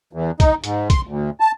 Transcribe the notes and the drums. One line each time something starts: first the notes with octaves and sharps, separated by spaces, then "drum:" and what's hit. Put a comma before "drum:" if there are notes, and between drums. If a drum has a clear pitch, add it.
E2
D#4, drum: kick, hi-hat
G#2, drum: hi-hat
C6, drum: kick, hi-hat
D2
A5